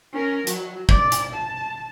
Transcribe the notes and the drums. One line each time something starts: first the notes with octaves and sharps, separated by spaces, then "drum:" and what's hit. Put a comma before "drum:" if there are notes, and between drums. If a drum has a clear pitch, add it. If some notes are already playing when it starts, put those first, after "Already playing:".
C#4 A#4
F#3, drum: hi-hat
D5, drum: kick
drum: hi-hat
A5